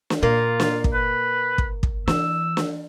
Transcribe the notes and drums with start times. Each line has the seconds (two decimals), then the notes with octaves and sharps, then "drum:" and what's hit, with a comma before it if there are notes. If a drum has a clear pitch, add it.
0.10 drum: snare
0.23 A#2 A#3 F4
0.60 drum: snare
0.84 drum: kick
0.94 B4
1.58 drum: kick
1.83 drum: kick
2.08 E3 E6, drum: snare
2.57 drum: snare